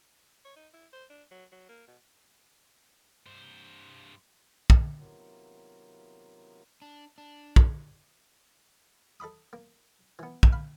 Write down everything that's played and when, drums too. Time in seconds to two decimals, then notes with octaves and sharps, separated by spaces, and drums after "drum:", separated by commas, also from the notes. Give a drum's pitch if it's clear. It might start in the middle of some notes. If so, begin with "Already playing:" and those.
0.45 C#5
0.56 D#4
0.73 E4
0.93 C5
1.10 D4
1.31 F#3
1.52 F#3
1.69 A#3
1.88 B2
3.26 G2 C5
4.70 drum: kick
4.97 C3 D#3 F#3 A#3 B3 F4
6.82 D4
7.18 D4
7.56 drum: kick
9.20 A4 D#5 B5 D#6
9.53 A#3
10.19 E3 B3
10.43 drum: kick
10.52 F5 B5